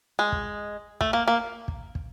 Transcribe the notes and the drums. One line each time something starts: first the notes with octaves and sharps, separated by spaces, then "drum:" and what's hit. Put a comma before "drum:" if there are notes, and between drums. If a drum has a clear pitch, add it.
G#3
drum: kick
A3, drum: kick
A#3
A#3
drum: kick
drum: kick